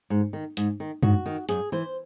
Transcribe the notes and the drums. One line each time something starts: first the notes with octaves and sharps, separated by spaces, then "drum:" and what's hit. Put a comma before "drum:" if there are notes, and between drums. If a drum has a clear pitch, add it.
G#2
D#3
G#2, drum: hi-hat
D#3
G#2 F#4, drum: tom
D#3
F#2 G#4, drum: hi-hat
E3 C5